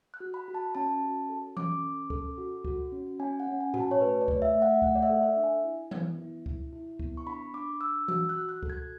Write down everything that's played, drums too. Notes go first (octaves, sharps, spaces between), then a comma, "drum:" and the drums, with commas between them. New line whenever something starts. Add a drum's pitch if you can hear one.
F#6
F#4
B5
F#4
A5
C#4 A5
F#4
A4
C#4 D6, drum: tom E3
C#4
A4, drum: kick C#2
F#4
F#4, drum: kick C#2
C#4
C#4 G#5
F#5
C#4
G#5
F#4, drum: tom A2
A5
C#5
A3 B4
D5
A3, drum: kick C#2
E5
A3
F#5
A3 F#5, drum: kick C#2
D5
E5
A4
E5
D4
G#5
E4
B3, drum: tom E3
E4
E4, drum: kick C#2
E4
B3, drum: kick C#2
C#6
D4 B5
D4 D6
D4 E6
F#4 E6, drum: tom E3
F#6
F#4
F#6
A4, drum: kick C#2
G#6